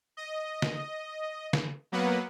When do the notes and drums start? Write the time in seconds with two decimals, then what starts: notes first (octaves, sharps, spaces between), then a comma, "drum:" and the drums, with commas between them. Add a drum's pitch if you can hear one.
0.17 D#5
0.62 drum: snare
1.53 drum: snare
1.92 F#3 A#3 B3 B4 F#5